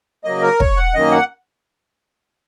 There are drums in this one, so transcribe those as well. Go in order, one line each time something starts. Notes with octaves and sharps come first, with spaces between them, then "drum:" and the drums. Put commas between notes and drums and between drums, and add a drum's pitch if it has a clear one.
C#3 F#3 A#3 D#5
A#4
C#5, drum: kick
F#5
F#2 D#3 A#3 D#5
F#5